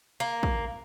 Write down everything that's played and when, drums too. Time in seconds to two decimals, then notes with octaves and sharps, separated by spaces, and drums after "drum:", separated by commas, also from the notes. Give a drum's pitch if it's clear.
0.20 A#3
0.43 drum: kick